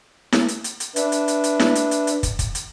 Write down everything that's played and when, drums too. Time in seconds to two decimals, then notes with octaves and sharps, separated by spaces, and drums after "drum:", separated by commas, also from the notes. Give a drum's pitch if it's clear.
0.32 drum: snare E4
0.48 drum: hi-hat
0.64 drum: hi-hat
0.80 drum: hi-hat
0.96 D4 B4 E5, drum: hi-hat
1.12 drum: hi-hat
1.28 drum: hi-hat
1.44 drum: hi-hat
1.60 drum: snare E4
1.75 drum: hi-hat
1.91 drum: hi-hat
2.07 drum: hi-hat
2.23 drum: kick, hi-hat
2.39 drum: kick, hi-hat
2.55 drum: hi-hat